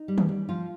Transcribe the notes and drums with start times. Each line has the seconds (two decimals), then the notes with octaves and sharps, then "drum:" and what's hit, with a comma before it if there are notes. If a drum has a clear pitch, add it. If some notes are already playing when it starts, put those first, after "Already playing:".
Already playing: D#4
0.08 G3
0.18 drum: tom D#3
0.29 G3
0.49 F3 F4